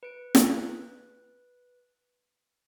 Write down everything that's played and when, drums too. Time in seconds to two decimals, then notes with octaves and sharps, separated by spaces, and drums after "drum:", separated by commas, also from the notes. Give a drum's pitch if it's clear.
0.03 B4 D7
0.35 drum: snare